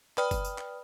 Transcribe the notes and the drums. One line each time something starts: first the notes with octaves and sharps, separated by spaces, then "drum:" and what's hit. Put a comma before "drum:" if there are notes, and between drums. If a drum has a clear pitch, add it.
B4 D5 G5 B5 D#6 F6, drum: clap
drum: kick F#1, tambourine
drum: tambourine
drum: clap